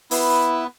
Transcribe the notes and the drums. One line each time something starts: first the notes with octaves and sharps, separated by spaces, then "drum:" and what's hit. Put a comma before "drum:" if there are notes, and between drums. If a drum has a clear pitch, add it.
B3 E4 B4, drum: open hi-hat